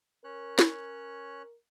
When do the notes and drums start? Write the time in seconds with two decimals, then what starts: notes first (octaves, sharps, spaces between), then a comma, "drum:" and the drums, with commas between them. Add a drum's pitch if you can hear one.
0.24 C#4 A#4 C#5 F#6
0.59 drum: snare